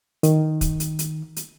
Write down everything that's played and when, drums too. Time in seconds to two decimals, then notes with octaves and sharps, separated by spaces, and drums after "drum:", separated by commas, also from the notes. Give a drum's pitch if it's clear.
0.23 D#3, drum: hi-hat
0.61 drum: kick, hi-hat
0.80 drum: hi-hat
0.99 drum: hi-hat
1.36 drum: hi-hat